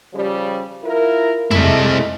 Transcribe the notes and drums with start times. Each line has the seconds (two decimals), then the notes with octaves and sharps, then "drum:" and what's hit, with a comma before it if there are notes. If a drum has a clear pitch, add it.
0.14 C#3 F3 G3
0.84 E4 F4 A#4
1.51 C3 G#3 A3 E4, drum: tom F2